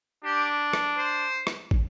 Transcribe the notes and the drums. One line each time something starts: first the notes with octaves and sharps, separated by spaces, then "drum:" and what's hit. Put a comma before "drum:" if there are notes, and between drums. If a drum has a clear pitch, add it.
D4 G4
drum: rim click
C5
drum: rim click
drum: kick